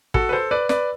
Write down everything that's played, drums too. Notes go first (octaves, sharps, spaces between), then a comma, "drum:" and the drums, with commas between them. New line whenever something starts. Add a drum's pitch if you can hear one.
F#4 A4, drum: kick
B4
A4 C5
B4 D5
B4 D5, drum: snare